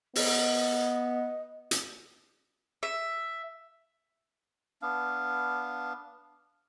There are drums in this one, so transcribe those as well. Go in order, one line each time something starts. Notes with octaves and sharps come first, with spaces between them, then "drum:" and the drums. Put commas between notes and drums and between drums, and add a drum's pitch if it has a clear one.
B3 D#5, drum: open hi-hat
drum: hi-hat
E5
B3 D4 F5